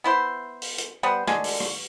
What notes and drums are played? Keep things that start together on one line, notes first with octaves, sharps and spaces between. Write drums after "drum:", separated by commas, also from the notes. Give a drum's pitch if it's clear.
B3 E4 C5
drum: open hi-hat
drum: hi-hat
G3 B3 C5
D3 G#3, drum: rim click
drum: open hi-hat
drum: rim click